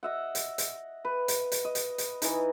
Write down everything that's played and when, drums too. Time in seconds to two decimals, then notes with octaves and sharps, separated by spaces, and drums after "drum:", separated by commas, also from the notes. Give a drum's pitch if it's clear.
0.03 D#5 E5 F#5
0.35 drum: hi-hat
0.58 drum: hi-hat
1.05 B4
1.28 drum: hi-hat
1.52 drum: hi-hat
1.65 D#5
1.75 drum: hi-hat
1.98 drum: hi-hat
2.22 E3 D#4, drum: hi-hat